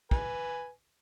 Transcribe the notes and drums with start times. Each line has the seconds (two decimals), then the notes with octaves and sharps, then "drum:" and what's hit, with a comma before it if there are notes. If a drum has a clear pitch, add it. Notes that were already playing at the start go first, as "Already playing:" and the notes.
0.11 B4 G#5, drum: kick